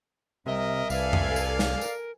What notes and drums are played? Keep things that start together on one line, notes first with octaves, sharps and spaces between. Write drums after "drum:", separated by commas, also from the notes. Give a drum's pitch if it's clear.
C2 C3 A#4 D#5 E5
C2 A4 B4 D5 F5 G#5, drum: tambourine
drum: tom F2
drum: tambourine
drum: snare
A#4, drum: tambourine